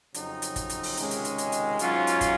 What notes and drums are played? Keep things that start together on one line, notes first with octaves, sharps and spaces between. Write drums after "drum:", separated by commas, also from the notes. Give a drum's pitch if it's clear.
F2 C#3 F#3 C4 D#4, drum: hi-hat
drum: hi-hat
drum: kick, hi-hat
drum: hi-hat
drum: open hi-hat
C#2 C3 D#3 G#3 C#4, drum: hi-hat
drum: hi-hat
drum: hi-hat
drum: hi-hat
drum: hi-hat
G#2 F#3 C#4 F4, drum: hi-hat
drum: hi-hat
drum: kick, hi-hat